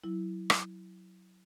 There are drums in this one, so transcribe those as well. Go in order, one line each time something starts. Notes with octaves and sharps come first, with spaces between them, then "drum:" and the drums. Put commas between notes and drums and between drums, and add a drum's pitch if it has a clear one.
F#3 E4
drum: rim click